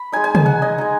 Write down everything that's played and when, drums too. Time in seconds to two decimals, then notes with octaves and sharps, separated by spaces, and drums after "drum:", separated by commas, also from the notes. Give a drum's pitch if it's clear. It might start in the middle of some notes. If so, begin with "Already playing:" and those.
Already playing: B5
0.12 G#3 D#4 G#5
0.24 G#5
0.35 G#5, drum: tom
0.46 F#5
0.62 D#5
0.78 G#3 D#4